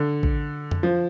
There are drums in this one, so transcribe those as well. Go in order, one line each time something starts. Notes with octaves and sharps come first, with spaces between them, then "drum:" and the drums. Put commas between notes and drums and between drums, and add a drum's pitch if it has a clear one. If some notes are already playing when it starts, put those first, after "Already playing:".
Already playing: D3
drum: kick
drum: tom F2
F3